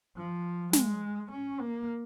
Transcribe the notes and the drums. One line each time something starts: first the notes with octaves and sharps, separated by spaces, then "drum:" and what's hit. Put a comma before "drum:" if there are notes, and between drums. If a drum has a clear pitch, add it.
F3
G#3, drum: snare
C#4
A#3